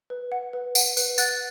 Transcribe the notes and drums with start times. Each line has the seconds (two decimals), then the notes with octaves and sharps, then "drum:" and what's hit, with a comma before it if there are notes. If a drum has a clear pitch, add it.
0.10 B4
0.32 F#5
0.53 B4
0.75 F#5, drum: tambourine
0.97 B4, drum: tambourine
1.18 F#5 F#6 A6, drum: tambourine